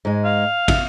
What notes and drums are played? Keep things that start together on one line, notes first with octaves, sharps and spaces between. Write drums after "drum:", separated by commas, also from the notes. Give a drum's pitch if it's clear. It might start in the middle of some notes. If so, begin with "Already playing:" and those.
G#2 G#3
F5
E5, drum: kick, cymbal